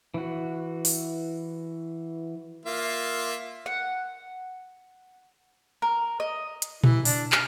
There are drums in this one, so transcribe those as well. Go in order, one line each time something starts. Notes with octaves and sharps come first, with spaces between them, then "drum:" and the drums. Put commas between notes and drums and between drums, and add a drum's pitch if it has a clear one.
E3 F#4
drum: open hi-hat
A#3 F4 E5
F#5
A#4
D#5
drum: hi-hat
E3, drum: tom A#2
D4, drum: open hi-hat
F6, drum: clap